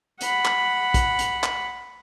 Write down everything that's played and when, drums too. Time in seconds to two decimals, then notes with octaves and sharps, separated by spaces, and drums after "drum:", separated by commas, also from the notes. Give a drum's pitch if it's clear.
0.21 F#5 B5, drum: hi-hat
0.45 drum: clap
0.94 drum: kick, hi-hat
1.19 drum: hi-hat
1.43 drum: clap